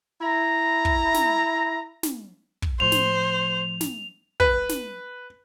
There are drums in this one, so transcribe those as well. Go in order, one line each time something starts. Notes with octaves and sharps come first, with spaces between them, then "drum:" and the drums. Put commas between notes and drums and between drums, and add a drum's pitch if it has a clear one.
E4 A#5
drum: kick
drum: snare
drum: snare
drum: kick
A2 F3 C5 F7
drum: snare
drum: snare
B4, drum: kick
drum: snare